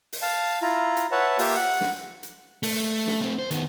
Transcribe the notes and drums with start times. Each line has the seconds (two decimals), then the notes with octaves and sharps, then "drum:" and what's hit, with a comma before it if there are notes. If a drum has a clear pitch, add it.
0.13 drum: open hi-hat
0.22 F5 A5
0.62 E4 F4 A#5
0.97 drum: hi-hat
1.12 B4 C#5 E5 F#5 A5
1.39 A#3 F4 G4 E5, drum: open hi-hat
1.56 F#5
1.81 drum: snare
2.23 drum: hi-hat
2.63 A3, drum: open hi-hat
3.07 drum: snare
3.22 A3 C4
3.39 C5
3.51 D#3 B3, drum: hi-hat